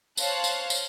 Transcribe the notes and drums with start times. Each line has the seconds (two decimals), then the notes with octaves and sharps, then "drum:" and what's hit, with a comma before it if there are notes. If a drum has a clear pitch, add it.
0.17 C5 C#5 F5 A5 F#6, drum: tambourine
0.44 drum: tambourine
0.70 drum: tambourine